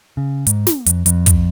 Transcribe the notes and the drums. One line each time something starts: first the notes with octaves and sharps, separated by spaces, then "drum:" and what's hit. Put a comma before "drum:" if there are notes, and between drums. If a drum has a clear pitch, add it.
C#3
G#2, drum: hi-hat
drum: snare
F2, drum: hi-hat
F2, drum: hi-hat
drum: kick, hi-hat